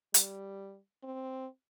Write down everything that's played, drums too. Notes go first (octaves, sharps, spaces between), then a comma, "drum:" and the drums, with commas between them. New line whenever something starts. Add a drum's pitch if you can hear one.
G3, drum: hi-hat
C4